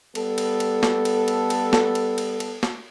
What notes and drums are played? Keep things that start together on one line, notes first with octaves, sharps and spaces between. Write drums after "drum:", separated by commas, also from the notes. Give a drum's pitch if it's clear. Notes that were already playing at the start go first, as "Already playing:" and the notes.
G3 B3 A4, drum: cymbal
drum: cymbal
drum: cymbal
drum: snare
drum: cymbal
drum: cymbal
drum: cymbal
drum: snare
drum: cymbal
drum: cymbal
drum: cymbal
drum: snare